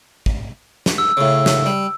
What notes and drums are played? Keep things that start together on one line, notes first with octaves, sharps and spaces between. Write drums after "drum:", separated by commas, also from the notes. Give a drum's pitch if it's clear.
drum: kick
drum: snare
E6
A2 C#3
drum: snare
G3